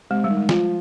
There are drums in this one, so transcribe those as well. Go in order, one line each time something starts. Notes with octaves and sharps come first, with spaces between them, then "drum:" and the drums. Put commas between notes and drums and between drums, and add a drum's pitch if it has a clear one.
C3 G#3
G3
D#3
G#3
F3 F4, drum: snare